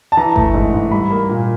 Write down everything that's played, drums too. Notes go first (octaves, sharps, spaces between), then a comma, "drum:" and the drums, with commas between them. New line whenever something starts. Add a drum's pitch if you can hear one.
A5
E3 A#5
A3, drum: kick G1
G#2
G#2
G3 B5
A#3
A#2